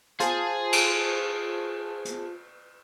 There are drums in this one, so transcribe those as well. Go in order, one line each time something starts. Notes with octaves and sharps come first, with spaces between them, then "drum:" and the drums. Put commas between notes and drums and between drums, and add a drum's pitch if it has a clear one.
F4 G#4 C5 G#5 A5, drum: hi-hat
drum: cymbal
drum: hi-hat